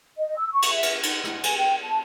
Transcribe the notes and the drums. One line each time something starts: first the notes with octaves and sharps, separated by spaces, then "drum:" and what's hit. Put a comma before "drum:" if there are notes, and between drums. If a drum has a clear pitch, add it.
D#5
E6
C#6
drum: cymbal
E5
drum: cymbal
D#4, drum: cymbal
E4, drum: rim click
G#5, drum: cymbal
G5
A5